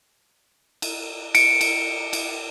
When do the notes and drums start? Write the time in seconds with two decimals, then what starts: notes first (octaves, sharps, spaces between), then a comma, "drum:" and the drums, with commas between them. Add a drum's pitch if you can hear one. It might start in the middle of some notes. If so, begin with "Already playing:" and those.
0.82 drum: cymbal
1.35 C#7 D7, drum: cymbal
1.61 drum: cymbal
2.13 drum: cymbal